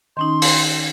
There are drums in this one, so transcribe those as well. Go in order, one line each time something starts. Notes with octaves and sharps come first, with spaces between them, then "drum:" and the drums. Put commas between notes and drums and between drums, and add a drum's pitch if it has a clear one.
D#3 C#4 D#4 C6
drum: open hi-hat